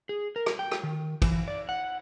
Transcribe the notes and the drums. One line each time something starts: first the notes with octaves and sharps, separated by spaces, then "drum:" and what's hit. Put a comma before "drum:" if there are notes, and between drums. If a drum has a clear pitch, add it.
G#4
A#4
drum: rim click
G5
drum: rim click
D#3
E3, drum: kick, cymbal
D5
F#5